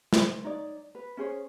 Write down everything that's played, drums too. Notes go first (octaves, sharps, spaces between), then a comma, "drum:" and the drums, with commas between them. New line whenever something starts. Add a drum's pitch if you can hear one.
C5, drum: snare
D#4 C#5 D5
B4
C#4 G#4 C5 C#5